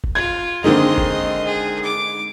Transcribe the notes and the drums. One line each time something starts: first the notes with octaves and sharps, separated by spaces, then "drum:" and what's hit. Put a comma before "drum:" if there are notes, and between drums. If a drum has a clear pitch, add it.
drum: kick
F4 G#6
D3 D#3 G#3 A#3 C4 D#4 D#5 C6
drum: kick
G#4
D6